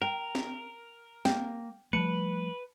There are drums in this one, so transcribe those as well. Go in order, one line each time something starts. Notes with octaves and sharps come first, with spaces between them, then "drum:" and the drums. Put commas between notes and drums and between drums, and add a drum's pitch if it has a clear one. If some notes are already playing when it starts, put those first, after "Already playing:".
A#4 G5
drum: snare
A#3 G5, drum: snare
F3 G3 A3 B4 A5 C#7